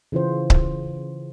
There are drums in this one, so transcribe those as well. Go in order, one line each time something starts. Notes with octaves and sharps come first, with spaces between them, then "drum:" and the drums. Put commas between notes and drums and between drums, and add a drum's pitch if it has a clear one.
C#3 E3 F4 C5
drum: kick C#1